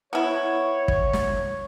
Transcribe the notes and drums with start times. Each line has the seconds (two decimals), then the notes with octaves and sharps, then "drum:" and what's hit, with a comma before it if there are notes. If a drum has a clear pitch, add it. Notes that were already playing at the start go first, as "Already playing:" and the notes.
0.13 B3 E4 C#5
0.88 drum: kick
1.13 drum: snare